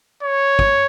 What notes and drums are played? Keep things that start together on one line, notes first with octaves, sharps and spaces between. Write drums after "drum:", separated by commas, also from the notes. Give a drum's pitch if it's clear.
C#5
drum: kick